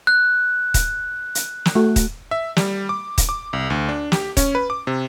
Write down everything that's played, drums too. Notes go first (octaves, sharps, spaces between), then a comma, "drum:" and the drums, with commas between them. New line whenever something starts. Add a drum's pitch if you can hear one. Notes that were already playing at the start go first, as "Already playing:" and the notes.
F#6
drum: kick D#1, hi-hat
drum: hi-hat
drum: snare
A3 F#4
drum: kick D#1, hi-hat
E5
G3, drum: snare
D6
drum: kick D#1, hi-hat
D6
C2
D2
D4
G4, drum: snare
C#4, drum: kick D#1, hi-hat
B4
D6
C3